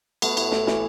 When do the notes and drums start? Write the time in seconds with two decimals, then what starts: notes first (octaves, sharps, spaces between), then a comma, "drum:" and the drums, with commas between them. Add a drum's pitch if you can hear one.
0.22 A3 B3, drum: cymbal
0.37 A2, drum: cymbal
0.52 A2, drum: snare
0.67 E3, drum: snare